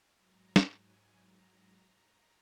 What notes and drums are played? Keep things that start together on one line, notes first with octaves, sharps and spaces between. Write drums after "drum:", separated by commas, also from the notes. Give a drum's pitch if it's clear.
G#2 F#3 A#5
drum: snare
G#5
A#5